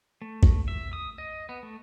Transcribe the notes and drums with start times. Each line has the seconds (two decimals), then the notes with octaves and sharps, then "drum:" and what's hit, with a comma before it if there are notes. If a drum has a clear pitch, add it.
0.22 A3
0.43 drum: kick
0.68 E5
0.93 D#6
1.18 D#5
1.49 B3
1.63 A3